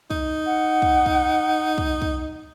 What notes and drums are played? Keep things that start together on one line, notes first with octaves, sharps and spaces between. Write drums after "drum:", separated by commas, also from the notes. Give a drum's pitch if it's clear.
D#4, drum: kick
F#5
drum: kick
drum: kick
drum: kick
drum: kick